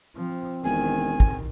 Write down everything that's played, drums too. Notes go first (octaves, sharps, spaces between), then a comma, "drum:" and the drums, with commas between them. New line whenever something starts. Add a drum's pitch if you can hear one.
F3 C4
E1 D#3 G#5
drum: kick